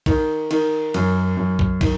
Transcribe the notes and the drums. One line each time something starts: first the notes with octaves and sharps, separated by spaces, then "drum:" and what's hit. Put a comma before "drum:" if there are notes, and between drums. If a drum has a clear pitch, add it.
D#3, drum: kick, cymbal
D#3, drum: cymbal
F#2, drum: cymbal
F#2
drum: kick
D#3, drum: kick, cymbal